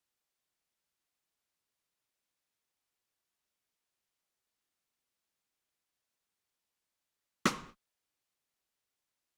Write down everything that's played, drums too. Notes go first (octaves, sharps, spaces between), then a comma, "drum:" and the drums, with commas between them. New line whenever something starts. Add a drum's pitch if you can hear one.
B4
B2
E5
D#3
E5
D4
F#2
G6
A3
C5 G5 D6
D4
D#3 F3 F#3 A4 B4
drum: rim click
C3
C#5
F#4 G#4 A4
D#4 D#5